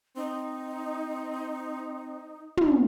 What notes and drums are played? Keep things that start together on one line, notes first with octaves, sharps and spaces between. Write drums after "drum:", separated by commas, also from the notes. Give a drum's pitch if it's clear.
C4 D#4
drum: tom